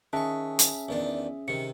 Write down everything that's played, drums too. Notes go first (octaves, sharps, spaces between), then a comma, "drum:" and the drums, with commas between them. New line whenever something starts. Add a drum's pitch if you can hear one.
D#3 C#4 G#4 E5 G#5 A5 C#6
drum: hi-hat
E2 D#3 D4
C3 D#3 C#7